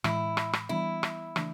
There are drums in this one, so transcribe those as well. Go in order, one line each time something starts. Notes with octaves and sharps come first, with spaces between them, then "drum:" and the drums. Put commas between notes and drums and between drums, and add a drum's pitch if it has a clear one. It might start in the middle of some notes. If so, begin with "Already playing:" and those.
A2 E3 G#3 E4, drum: rim click
drum: rim click
drum: rim click
E3 G3 B3 D4 E4
drum: rim click
C#3 E3 A3 D4, drum: rim click